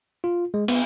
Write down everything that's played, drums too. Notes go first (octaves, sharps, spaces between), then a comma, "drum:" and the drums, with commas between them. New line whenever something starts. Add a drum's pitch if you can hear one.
F4
G#3
B3, drum: cymbal